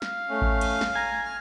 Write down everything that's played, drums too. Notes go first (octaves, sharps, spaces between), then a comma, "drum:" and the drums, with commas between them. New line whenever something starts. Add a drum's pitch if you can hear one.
F5, drum: snare
A3 C#4
drum: kick A1
drum: cymbal
drum: snare
G#5 A#5
F6